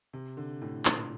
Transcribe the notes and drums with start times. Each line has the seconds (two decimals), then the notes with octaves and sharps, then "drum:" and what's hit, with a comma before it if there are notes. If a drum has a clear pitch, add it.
0.13 C3
0.37 D3
0.62 A2
0.85 A#2, drum: clap